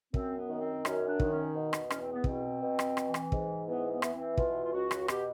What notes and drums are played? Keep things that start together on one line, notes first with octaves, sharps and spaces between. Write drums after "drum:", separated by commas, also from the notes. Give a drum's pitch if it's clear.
F#2 C4, drum: kick
B3
D#3
C4
F#2 C#4, drum: rim click
D4
D#3, drum: kick
C#4
B2
drum: rim click
E2 C#4, drum: rim click
C4
B3
B2 C4, drum: kick
B2
drum: rim click
E3, drum: rim click
drum: rim click
G#2, drum: kick
E3 B3
B3
E3, drum: rim click
C4
B2 F4, drum: kick
F4
C#2 F#4
drum: rim click
B2 G4, drum: rim click